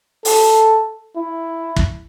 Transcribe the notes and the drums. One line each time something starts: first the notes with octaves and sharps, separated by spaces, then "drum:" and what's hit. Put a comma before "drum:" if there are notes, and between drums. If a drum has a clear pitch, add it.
A4, drum: open hi-hat
E4
drum: kick